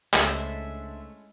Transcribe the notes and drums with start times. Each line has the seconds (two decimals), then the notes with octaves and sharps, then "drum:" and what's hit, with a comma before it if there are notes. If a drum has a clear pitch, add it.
0.14 C#2 G#3 A3 C#4 D4 E4 C5 E5, drum: clap